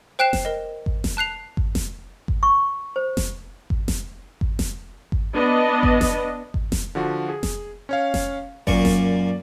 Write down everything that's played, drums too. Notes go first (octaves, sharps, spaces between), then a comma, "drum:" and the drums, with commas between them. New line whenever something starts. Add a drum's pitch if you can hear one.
C5 G5 F#6 C7 E7
drum: snare F1
A#4 D#5
drum: kick G#1
drum: snare F1
A5 F#6 C7 F7
drum: kick G#1
drum: snare F1
drum: kick G#1
C#6
C5
drum: snare F1
drum: kick G#1
drum: snare F1
drum: kick G#1
drum: snare F1
drum: kick G#1
B3 D4 D#5
drum: kick G#1
drum: snare F1
drum: kick G#1
drum: snare F1
D3 F3 F#4
G#4
drum: snare F1
C#4 C#5 F5
drum: snare F1
F#2 A#2 D5 C#6, drum: kick G#1
drum: snare F1